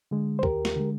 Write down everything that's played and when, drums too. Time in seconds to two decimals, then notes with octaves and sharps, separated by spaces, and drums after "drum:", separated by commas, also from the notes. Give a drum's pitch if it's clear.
0.11 D3 G#3
0.39 C5
0.43 D#2 G4 A#4, drum: kick
0.65 drum: snare
0.76 D3 G#3